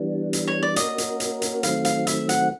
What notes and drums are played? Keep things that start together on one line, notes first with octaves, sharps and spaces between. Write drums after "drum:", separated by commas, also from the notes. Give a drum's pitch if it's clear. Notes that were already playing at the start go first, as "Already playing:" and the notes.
Already playing: E3 G3 B3 D4
drum: hi-hat
C#5
D5
A#3 C#4 F#4 A#4 D#5, drum: hi-hat
drum: hi-hat
drum: hi-hat
drum: hi-hat
D#3 F#3 A3 C4 F5, drum: hi-hat
F5, drum: hi-hat
E5, drum: hi-hat
F#5, drum: hi-hat